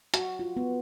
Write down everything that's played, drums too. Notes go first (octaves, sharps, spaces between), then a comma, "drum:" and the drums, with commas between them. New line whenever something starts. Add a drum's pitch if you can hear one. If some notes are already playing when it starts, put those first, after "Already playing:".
F#4, drum: hi-hat
F4
B3